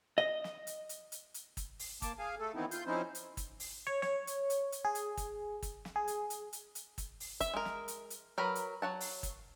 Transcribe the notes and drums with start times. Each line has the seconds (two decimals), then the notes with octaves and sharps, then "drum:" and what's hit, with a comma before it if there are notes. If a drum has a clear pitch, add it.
0.18 D#5
0.44 drum: snare
0.67 drum: hi-hat
0.89 drum: hi-hat
1.12 drum: hi-hat
1.34 drum: hi-hat
1.57 drum: kick, hi-hat
1.79 drum: open hi-hat
2.02 A#3 A5 D6, drum: kick, hi-hat
2.19 G#4 F5 G#5
2.39 A3 A4
2.55 D#3 E3 B3 C4 D#4 E4
2.71 F4 C6 G6, drum: hi-hat
2.86 F3 C4 C#4 D#4 E4 C5
3.15 drum: hi-hat
3.37 drum: kick, hi-hat
3.60 drum: open hi-hat
3.87 C#5
4.02 C#5, drum: snare
4.27 drum: hi-hat
4.50 drum: hi-hat
4.72 drum: hi-hat
4.85 G#4
4.95 drum: hi-hat
5.17 drum: kick, hi-hat
5.62 drum: kick, hi-hat
5.85 drum: snare
5.96 G#4
6.08 drum: hi-hat
6.30 drum: hi-hat
6.53 drum: hi-hat
6.75 drum: hi-hat
6.98 drum: kick, hi-hat
7.20 drum: open hi-hat
7.40 E5, drum: kick, hi-hat
7.54 G#3 A#4
7.65 drum: snare
7.88 drum: hi-hat
8.10 drum: hi-hat
8.38 F#3 A#4 B4 B5
8.55 drum: hi-hat
8.82 F#3 F#5 A5
9.00 drum: open hi-hat
9.23 drum: kick, hi-hat